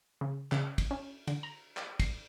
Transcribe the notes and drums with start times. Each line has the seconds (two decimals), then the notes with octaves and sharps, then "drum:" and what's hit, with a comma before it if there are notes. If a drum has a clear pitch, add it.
0.21 C#3
0.52 C#3, drum: clap
0.78 drum: kick, cymbal
0.91 C#4
1.27 D3, drum: cymbal
1.43 A#5
1.77 drum: clap
2.00 C7, drum: kick, cymbal